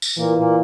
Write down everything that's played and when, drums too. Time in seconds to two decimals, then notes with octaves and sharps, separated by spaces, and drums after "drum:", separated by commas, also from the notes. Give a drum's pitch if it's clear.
0.02 drum: tambourine
0.17 A#2 E3 A#3
0.38 A#2 A#3